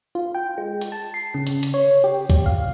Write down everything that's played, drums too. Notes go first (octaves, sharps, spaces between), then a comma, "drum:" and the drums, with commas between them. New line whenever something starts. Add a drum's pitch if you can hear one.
F4
G5
G#3
drum: hi-hat
A5
C7
C#3
drum: hi-hat
drum: hi-hat
C#5
G4
G3, drum: kick, hi-hat
F5